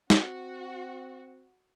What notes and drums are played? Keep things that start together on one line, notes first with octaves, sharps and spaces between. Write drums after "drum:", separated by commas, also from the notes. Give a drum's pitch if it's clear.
C4 F#4, drum: snare